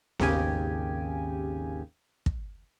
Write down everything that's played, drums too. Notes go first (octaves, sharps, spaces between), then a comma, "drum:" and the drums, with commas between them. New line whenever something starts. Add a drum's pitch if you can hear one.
G#1 D#2 C#3 G4 G#5, drum: snare B3
drum: kick